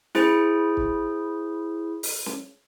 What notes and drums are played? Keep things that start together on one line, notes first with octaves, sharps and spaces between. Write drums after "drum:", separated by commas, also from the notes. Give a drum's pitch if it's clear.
E4 G#4 C5, drum: snare
drum: kick
drum: open hi-hat
drum: snare